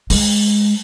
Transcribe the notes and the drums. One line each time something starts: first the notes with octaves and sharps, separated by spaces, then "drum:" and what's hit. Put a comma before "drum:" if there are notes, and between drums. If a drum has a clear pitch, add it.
G#3, drum: open hi-hat